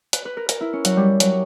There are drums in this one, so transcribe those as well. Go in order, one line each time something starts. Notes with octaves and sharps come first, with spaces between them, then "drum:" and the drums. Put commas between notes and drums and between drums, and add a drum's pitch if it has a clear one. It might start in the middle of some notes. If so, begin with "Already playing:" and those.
B4, drum: hi-hat
B4
A#4
A#4, drum: hi-hat
E4
C#4
F#3, drum: hi-hat
G3
F#3, drum: hi-hat